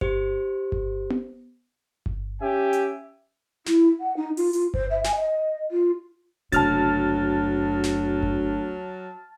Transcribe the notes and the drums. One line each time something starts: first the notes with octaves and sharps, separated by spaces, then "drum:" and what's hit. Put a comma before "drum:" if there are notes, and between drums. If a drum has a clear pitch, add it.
G4 C5, drum: kick G1
drum: kick G1
drum: tom B3
drum: kick G1
C#4 G4 E5 G#5
drum: hi-hat
E4, drum: snare
F#5
D#4
F4, drum: open hi-hat
F4, drum: hi-hat
C5, drum: kick G1
E5
G#5, drum: snare
D#5
F4
F#1 D2 C3 F#3 A5 F6 A6, drum: hi-hat
drum: snare
drum: kick G1